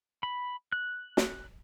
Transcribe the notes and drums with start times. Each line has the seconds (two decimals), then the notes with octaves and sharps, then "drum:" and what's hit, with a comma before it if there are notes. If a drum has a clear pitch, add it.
0.23 B5
0.72 F#6
1.17 drum: snare